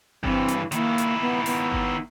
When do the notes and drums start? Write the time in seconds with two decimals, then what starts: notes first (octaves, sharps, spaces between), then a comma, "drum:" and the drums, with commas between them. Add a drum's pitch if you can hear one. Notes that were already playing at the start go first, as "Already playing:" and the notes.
0.24 G2 E3 C4, drum: kick G1
0.48 drum: hi-hat
0.72 D#3 A#3 E4, drum: hi-hat
0.98 drum: hi-hat
1.21 B3
1.46 B3, drum: open hi-hat
1.72 drum: kick G1